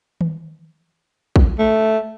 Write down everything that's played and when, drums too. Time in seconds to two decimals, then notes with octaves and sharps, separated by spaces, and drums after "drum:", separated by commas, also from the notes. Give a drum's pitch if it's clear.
0.21 drum: tom D#3
1.36 drum: kick
1.59 A3